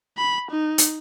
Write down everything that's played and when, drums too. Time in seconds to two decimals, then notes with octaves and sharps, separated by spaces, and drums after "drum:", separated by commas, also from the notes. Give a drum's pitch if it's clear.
0.17 B5
0.51 D#4
0.78 drum: hi-hat